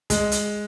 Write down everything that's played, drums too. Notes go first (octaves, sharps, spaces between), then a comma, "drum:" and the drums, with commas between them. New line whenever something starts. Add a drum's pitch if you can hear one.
G#3, drum: kick, hi-hat
drum: hi-hat